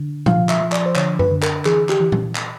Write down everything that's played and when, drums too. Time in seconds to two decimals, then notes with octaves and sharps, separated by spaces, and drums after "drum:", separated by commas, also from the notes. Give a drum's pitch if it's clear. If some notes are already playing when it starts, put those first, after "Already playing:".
Already playing: D3
0.26 F3 F5, drum: tom A#2
0.49 E5, drum: clap
0.61 F3
0.72 D5, drum: clap
0.86 C5
0.96 D3 C#5, drum: clap
1.19 B4, drum: tom F#2
1.31 D3
1.43 A#4, drum: clap
1.65 E3 G#4, drum: clap
1.89 G4, drum: clap
2.00 E3
2.12 drum: tom A#2
2.36 drum: clap